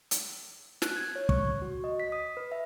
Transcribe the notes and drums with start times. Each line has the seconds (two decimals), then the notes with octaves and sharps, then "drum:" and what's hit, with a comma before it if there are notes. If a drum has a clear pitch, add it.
0.11 drum: hi-hat
0.82 F#6, drum: snare
0.96 G#6
1.16 C#5
1.29 C#6, drum: kick
1.62 F#4
1.84 D#5
2.00 B6
2.12 D#6
2.37 B4
2.52 E5